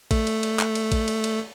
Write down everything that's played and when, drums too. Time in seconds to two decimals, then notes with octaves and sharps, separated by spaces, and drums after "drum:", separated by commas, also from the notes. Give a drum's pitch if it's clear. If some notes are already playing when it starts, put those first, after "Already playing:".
0.11 A3, drum: kick A1, cymbal
0.27 drum: cymbal
0.43 drum: cymbal
0.59 drum: clap
0.75 drum: cymbal
0.92 drum: kick A1, cymbal
1.08 drum: cymbal
1.24 drum: cymbal